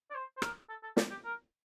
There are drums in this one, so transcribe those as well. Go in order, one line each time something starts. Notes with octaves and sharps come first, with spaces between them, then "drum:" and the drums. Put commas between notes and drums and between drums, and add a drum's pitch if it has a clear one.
D5
C5
C5
A#4, drum: rim click
A4
A4
G4, drum: snare
G4
A#4